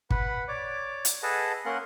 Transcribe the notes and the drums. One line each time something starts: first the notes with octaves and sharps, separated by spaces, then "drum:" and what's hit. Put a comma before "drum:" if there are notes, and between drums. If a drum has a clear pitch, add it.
B4 F#5 B5, drum: kick
C#5 D5 D6
drum: hi-hat
G#4 A4 B4 D#5 F#5 A5
A#3 C#4 A#4 F#5 C6 F#6